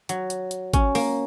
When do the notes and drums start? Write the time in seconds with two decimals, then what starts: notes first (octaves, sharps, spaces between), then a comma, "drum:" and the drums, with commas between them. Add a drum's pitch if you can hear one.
0.09 F#3, drum: hi-hat
0.30 drum: hi-hat
0.51 drum: hi-hat
0.74 C#4, drum: kick G#1, hi-hat
0.95 A#3, drum: open hi-hat